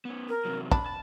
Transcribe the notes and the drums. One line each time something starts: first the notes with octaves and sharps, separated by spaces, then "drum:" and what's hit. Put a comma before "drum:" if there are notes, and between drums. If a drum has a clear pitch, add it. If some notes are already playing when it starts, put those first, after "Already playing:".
B3 C#4
A#4
C3 E3 F#3
D4 B5, drum: kick
A5